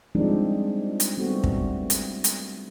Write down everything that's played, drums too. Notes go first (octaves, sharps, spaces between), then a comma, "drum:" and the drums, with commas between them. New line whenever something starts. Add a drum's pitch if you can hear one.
F3 G3 G#3 C4 D4 D#4
drum: hi-hat
G3 A3 B3 C4 F#4
drum: kick
drum: hi-hat
drum: hi-hat